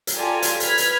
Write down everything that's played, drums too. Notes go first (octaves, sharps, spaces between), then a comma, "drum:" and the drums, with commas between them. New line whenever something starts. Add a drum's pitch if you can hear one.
drum: hi-hat
F4 G4 A4 D5 G#5 A#5
drum: hi-hat
B4 F6 G#6 B6, drum: hi-hat
drum: hi-hat